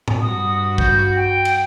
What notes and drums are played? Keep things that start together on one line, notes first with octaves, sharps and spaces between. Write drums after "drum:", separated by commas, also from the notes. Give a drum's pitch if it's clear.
drum: tom
G2 F#4 D#6
G6, drum: kick
G5
drum: cymbal